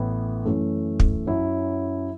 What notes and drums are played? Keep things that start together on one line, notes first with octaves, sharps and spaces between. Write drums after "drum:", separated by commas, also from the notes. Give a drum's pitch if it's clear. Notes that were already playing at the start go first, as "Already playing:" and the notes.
Already playing: A1 A2 E3 B3 E4
F#2 E3 A3 C#4
drum: kick
F#2 F#3 C#4 E4